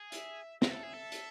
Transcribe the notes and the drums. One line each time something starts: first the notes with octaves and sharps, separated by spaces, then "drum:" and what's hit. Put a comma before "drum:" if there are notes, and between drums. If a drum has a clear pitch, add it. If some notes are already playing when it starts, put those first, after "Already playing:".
Already playing: G#4
E5, drum: hi-hat
A#4 E5, drum: snare
A4
G#4
A4
drum: hi-hat